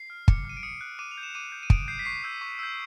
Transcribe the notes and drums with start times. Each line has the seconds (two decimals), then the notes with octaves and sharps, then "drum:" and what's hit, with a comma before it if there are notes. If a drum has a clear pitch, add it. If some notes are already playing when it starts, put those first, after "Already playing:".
Already playing: C7
0.10 F6
0.28 D6 C#7, drum: kick
0.45 F6 D#7
0.57 D7
0.63 D#6 C#7
0.81 F#6
0.99 D6 D#7
1.11 F7
1.18 G6
1.23 E7
1.35 D6 D#7
1.52 G6
1.63 D#7
1.70 D#6 D7, drum: kick
1.88 G6 C7
1.99 B6
2.05 C#6 C7
2.24 E6 G6
2.41 C#6
2.59 E6 G6